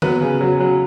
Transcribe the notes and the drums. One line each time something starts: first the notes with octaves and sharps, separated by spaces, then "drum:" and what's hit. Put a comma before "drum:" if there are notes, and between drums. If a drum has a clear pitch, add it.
F#3 B3 B4, drum: tom D3
C#3
F#3
F#3